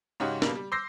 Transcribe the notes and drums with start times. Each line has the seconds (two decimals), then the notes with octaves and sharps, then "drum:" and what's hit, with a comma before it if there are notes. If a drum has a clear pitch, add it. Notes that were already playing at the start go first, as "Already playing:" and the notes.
0.20 G#2 C#3 C#4 D#4 F#4 G4
0.42 B2 G3 A#3, drum: snare
0.55 G3
0.72 C6 D6 E6 G6 A#6 C7